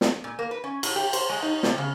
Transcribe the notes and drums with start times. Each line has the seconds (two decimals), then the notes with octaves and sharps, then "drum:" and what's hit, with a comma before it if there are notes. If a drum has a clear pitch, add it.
0.01 drum: snare
0.24 A#2
0.39 A#3
0.51 B4
0.64 C#4
0.83 A2, drum: cymbal
0.96 G4
1.13 C5, drum: cymbal
1.29 G#3
1.42 D#4
1.63 C3, drum: snare
1.78 C#3